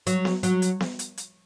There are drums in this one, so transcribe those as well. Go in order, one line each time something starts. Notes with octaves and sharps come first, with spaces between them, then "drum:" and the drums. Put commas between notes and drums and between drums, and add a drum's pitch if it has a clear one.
F#3, drum: hi-hat
drum: snare B3
F#3, drum: hi-hat
drum: hi-hat
drum: snare B3
drum: hi-hat
drum: hi-hat